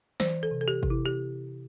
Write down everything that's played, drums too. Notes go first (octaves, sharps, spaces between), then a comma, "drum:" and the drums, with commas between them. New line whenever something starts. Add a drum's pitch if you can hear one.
E3 C5, drum: snare
A4
C3
A4
G4
C3, drum: kick
E4
G4